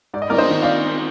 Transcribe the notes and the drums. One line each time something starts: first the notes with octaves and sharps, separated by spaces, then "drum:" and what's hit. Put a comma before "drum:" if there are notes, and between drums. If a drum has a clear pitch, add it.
G#2 D5
D#5
A#4 D5, drum: cymbal
C5 D#5
D#3
D5 F5